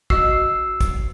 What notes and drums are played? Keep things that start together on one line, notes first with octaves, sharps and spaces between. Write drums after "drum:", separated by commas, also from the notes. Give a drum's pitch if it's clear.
F#4 D#5 E6 C7, drum: kick
drum: kick, hi-hat